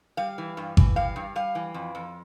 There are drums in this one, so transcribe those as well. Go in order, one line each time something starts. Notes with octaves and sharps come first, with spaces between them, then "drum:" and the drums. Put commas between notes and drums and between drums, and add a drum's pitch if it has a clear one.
G3 F5
E3
G2
E3, drum: kick G#1
G3 F5
G2
G3 F5
E3
F2
F2